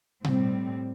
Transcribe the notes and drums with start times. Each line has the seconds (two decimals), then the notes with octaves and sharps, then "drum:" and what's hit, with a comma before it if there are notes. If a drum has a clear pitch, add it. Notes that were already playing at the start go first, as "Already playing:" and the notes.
0.24 A2 G3 C4, drum: tom B2